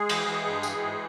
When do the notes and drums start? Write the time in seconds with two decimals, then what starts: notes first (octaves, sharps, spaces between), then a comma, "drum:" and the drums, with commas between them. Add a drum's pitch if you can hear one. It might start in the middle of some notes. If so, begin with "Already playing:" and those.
Already playing: G#3 G#4
0.09 E3, drum: cymbal
0.27 E3
0.46 G2
0.63 E3, drum: tambourine
0.82 G#2